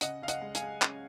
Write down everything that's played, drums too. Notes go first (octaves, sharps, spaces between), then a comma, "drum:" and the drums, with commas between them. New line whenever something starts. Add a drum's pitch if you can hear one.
C#3 D#5 F#5, drum: hi-hat
C#3 F5
D#5 F#5, drum: hi-hat
G#3
F5 G#5, drum: hi-hat
G#3
C#4, drum: clap